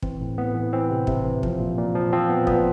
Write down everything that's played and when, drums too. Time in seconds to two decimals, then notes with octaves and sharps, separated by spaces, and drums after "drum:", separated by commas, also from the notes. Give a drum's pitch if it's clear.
0.03 E3 C4, drum: kick
0.21 A2
0.38 A2 B3
0.55 E3
0.73 E3 C4
0.90 C3
1.07 C3, drum: kick
1.25 E3
1.43 F3, drum: kick
1.60 A#2
1.78 A#2
1.95 F3
2.12 F3 C4
2.29 A#2 B3
2.47 A#2 B3, drum: kick